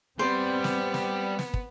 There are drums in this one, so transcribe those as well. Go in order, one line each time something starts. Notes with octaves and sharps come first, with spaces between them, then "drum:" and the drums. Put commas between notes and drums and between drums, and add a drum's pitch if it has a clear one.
G3 B3 C4 C5
drum: snare
drum: snare
drum: snare
drum: kick